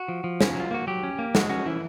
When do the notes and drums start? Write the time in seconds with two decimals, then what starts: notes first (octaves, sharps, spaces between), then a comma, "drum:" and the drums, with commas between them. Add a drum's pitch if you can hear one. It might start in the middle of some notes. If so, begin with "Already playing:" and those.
Already playing: F#4
0.08 F3
0.24 F3
0.41 C#4, drum: snare
0.55 F#3 F4
0.71 A#3 F#4
0.87 F#3 G4
1.03 C#4
1.19 A#3
1.35 G#3 F#4, drum: snare
1.49 C#4 F#4
1.65 E3 E4